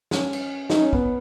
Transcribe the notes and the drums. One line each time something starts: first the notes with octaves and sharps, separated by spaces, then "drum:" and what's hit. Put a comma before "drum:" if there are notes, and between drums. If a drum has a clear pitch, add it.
C#4, drum: snare
drum: cymbal
D#4, drum: snare
C#4
B3, drum: kick